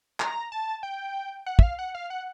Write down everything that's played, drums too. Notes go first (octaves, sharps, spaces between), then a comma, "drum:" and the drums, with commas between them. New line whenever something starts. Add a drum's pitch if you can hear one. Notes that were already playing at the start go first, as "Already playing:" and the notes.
A#5, drum: clap
A5
G5
F#5
E5, drum: kick
F5
F#5
F5
F#5